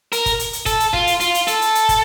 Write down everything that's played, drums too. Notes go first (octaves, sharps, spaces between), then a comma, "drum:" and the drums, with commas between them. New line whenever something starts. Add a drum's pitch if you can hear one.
A#4, drum: hi-hat
drum: kick, hi-hat
drum: hi-hat
drum: hi-hat
A4, drum: kick, hi-hat
drum: hi-hat
F4, drum: kick
drum: hi-hat
F4, drum: hi-hat
drum: hi-hat
A4, drum: hi-hat
drum: hi-hat
drum: hi-hat
drum: kick, hi-hat